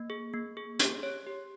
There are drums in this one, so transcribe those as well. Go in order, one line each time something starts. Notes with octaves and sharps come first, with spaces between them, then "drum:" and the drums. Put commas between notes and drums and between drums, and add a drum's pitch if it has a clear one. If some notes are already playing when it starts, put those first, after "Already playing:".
Already playing: A#3
G#4
A#3
G#4
G4, drum: hi-hat
C#5
G4